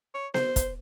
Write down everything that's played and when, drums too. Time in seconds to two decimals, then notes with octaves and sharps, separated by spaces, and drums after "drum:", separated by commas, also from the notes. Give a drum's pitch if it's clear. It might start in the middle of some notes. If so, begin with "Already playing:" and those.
0.15 C#5
0.34 C5, drum: snare B3
0.56 drum: kick, hi-hat